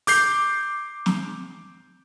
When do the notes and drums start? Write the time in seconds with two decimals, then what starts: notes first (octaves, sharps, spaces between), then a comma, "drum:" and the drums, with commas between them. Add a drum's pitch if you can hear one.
0.07 D6 G6 C7, drum: open hi-hat
1.06 drum: snare